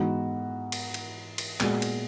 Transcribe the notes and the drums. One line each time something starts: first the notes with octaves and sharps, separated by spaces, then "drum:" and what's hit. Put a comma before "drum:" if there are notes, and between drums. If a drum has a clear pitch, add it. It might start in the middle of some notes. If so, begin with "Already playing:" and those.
Already playing: G#2 E3 B3 F#4
drum: cymbal
drum: cymbal
drum: cymbal
A#2 G#3 B3 F#4, drum: clap
drum: cymbal